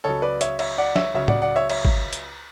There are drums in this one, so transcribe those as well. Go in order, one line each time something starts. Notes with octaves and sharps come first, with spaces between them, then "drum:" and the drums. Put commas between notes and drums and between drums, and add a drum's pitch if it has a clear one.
C#2 C#3 F#3 A4 C#5
B4 D5
C#5 E5, drum: hi-hat
C#5 E5, drum: cymbal
D5 F#5
C#5 E5, drum: snare
C#2 C#3 F#3 C#5 E5
D5 F#5, drum: tom A2
D5 F#5
C#5 E5
C#5 E5, drum: cymbal
drum: kick G#1
drum: hi-hat